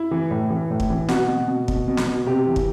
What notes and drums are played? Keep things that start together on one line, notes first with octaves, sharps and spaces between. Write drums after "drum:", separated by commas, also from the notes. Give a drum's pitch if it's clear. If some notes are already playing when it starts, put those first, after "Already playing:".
Already playing: E4
E3
A2
E3
A2
drum: kick
E3
B2 F#4, drum: snare
B2
B2
B2, drum: kick
B2
drum: snare
B2
C3 G4
E3
drum: kick